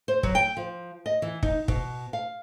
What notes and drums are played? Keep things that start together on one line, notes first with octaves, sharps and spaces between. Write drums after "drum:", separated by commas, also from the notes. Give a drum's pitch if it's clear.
C5
F#3, drum: kick
G5
F3
D#5
E3
D#4, drum: kick
B2, drum: kick
F5